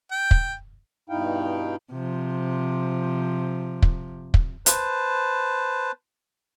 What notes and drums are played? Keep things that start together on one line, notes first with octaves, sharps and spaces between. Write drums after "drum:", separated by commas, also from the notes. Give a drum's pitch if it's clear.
G5
drum: kick
G2 B2 D#4 E4 F5 G5
C3 F3
drum: kick
drum: kick
B4 C5 A5, drum: hi-hat